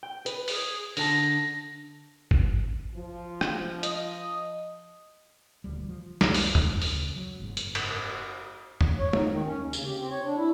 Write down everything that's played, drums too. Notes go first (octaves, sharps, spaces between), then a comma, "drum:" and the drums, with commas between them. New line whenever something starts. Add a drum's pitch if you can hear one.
G5
B4, drum: hi-hat
G#4, drum: open hi-hat
D3 A5 A#6, drum: open hi-hat
drum: kick
F3
drum: rim click
D#5, drum: hi-hat
D#1 D2 G3
F3
C2 F2 G#2 G#3, drum: snare
drum: open hi-hat
drum: tom
D2 C#3, drum: open hi-hat
F#3
F#1 G#2
drum: hi-hat
drum: cymbal
drum: tom
C#5
D#4, drum: tom
D#3
C#4
D#2
C#3, drum: tambourine
G4
C4
C#5
D4
E4